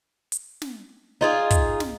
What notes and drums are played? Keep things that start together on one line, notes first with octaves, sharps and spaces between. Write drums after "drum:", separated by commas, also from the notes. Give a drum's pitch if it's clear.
drum: hi-hat
drum: snare
D#4 F4 G#4
drum: kick, hi-hat
drum: snare